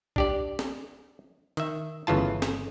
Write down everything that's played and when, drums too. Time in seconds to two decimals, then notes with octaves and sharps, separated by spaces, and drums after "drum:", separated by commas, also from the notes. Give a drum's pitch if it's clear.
0.16 D4 G4 D5, drum: kick
0.59 drum: snare
1.57 D#3 E5, drum: hi-hat
2.07 G1 C#3 E3 F4 A5
2.42 drum: snare